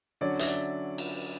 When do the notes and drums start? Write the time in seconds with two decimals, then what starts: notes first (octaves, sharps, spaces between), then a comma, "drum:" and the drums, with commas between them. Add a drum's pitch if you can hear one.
0.21 D3 F#3 C#4 D5
0.39 E5, drum: hi-hat
0.48 D5
0.98 drum: cymbal